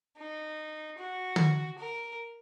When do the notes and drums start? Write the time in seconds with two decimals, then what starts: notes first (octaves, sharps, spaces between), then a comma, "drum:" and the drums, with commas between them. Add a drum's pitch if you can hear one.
0.18 D#4
0.98 F#4
1.36 drum: tom
1.78 A#4